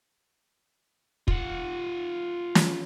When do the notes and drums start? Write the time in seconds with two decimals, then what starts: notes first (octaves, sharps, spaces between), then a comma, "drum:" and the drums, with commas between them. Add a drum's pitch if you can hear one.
1.28 F4 F#5, drum: kick
2.55 drum: snare